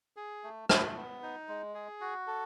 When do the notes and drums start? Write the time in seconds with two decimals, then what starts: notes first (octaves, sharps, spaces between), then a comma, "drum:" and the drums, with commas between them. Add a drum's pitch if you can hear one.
0.17 G#4
0.44 A3
0.69 A3, drum: rim click
0.96 B3
1.23 D#4
1.48 G#3
1.75 G#4
2.01 F#4
2.27 A4